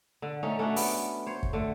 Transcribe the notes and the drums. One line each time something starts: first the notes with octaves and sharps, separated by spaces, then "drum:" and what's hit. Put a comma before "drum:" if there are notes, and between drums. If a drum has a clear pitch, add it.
D3
A3 C#4 D#4
A3 C#4 D4 F#4
B3, drum: open hi-hat
C5 C#5
drum: kick
D3 A3